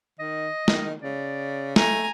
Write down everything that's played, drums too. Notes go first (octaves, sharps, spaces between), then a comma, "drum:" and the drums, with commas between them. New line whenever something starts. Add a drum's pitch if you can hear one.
D#3 D#5
D#3, drum: snare
C#3 D5
A3 G#5 A#5, drum: snare